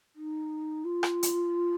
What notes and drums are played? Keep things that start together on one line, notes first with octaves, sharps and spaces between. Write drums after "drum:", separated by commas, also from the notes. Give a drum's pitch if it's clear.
D#4
F4
drum: rim click
drum: hi-hat